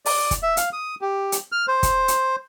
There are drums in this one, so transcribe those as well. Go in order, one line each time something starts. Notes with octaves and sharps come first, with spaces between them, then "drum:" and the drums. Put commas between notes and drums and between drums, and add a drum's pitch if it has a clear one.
D5, drum: open hi-hat
drum: kick, hi-hat
E5
F5, drum: hi-hat
D#6
G4
drum: hi-hat
F6
C5
drum: kick, hi-hat
drum: hi-hat